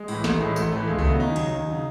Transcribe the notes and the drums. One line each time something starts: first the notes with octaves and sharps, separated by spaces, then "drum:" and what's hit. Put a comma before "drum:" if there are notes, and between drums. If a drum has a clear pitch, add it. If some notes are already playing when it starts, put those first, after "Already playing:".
Already playing: G#3
A2 E3, drum: open hi-hat
A1 A3, drum: snare
A2 E3 G#3
A1 A3, drum: tambourine
A2 E3 A3
D#2 G#3
A3, drum: kick C2
C#3 F#3 B3
D#2 D#4
C#3 F#3, drum: cymbal
D#2
C#3 F#3